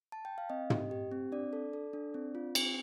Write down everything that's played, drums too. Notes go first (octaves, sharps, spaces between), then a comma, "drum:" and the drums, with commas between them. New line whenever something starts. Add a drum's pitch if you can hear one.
A5
G5
F5
C4 D#5
G4, drum: tom
G4
C4
D4 D5
A4
A4
D4
C4
F4
C4, drum: cymbal